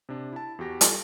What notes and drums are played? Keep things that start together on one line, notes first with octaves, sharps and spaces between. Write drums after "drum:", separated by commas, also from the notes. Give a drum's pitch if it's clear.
C3 D4
E4 A5
E2 F#4 G4 A#6
G3 F4 A4, drum: hi-hat